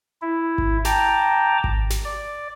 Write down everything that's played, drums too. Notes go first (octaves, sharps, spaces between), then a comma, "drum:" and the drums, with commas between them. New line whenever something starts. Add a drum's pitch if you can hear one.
E4
drum: kick G#1
G5 A5 A#5 D6, drum: snare
drum: kick G#1
drum: snare
D5